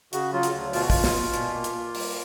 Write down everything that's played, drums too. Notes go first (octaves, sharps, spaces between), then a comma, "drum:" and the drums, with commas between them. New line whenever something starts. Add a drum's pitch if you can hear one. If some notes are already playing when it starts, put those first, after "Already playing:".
C#3 F#4, drum: hi-hat
F#3 F4
drum: hi-hat
D2
B2 F4, drum: open hi-hat
F#4
B2 F4, drum: kick, open hi-hat
drum: snare
B2
A#2, drum: hi-hat
A#3
drum: hi-hat
A#3
G3, drum: open hi-hat